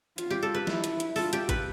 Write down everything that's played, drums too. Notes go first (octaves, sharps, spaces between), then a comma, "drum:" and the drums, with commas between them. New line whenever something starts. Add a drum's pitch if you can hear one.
F4, drum: hi-hat
G4
A4
B4
E4, drum: snare
drum: hi-hat
drum: hi-hat
F4 A4, drum: open hi-hat
G4, drum: hi-hat
B4, drum: kick G#1, hi-hat